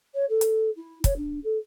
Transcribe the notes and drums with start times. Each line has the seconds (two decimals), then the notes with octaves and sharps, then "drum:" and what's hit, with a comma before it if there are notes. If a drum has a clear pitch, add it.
0.14 C#5
0.29 A4
0.41 drum: hi-hat
0.76 E4
1.04 C#5, drum: kick, hi-hat
1.16 D4
1.44 A4